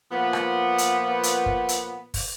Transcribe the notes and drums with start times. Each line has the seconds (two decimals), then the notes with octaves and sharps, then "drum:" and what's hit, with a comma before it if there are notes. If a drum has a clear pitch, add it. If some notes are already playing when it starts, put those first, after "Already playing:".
0.11 A#2 F3 B3
0.33 drum: rim click
0.78 drum: hi-hat
1.23 drum: hi-hat
1.46 drum: kick
1.69 drum: hi-hat
2.14 drum: kick, open hi-hat